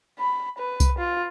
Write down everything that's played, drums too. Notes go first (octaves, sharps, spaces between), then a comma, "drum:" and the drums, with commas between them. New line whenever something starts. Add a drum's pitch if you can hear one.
B5
B4
drum: kick C2, tambourine
F4